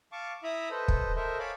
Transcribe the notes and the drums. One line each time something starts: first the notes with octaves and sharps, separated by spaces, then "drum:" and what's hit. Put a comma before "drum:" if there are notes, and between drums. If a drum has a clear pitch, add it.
F5 A5 C#6 D6
E4 E5 A#5 B5 D#6
A4 B4 C5 D#5
drum: kick
A4 A#4 C5 D#5 E5
C#5 F5 G#5 A5 B5 D6